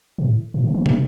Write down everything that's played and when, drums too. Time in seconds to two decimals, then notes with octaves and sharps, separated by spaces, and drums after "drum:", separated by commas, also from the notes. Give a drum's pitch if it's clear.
0.18 B2
0.23 A2
0.54 A2
0.64 C#3
0.74 E3
0.86 F#3, drum: tom